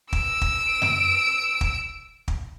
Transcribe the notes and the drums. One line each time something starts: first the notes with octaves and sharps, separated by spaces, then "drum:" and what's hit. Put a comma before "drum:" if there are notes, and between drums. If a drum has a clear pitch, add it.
E6 D7, drum: kick
drum: kick
drum: tom F#2
drum: kick
drum: kick